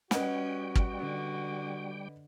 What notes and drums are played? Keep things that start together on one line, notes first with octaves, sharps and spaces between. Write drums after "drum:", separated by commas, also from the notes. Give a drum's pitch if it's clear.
G3 C#4 F#4 B4 D#5 F#5 G5, drum: snare
drum: kick
D3